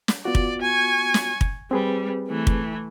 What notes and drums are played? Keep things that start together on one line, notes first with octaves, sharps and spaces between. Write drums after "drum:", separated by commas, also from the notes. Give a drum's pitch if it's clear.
drum: snare
B3 F4 F#4 D5
drum: kick
G#5 C#6
drum: snare
drum: kick
G3 C4 G#4 B4
E3 A3
drum: kick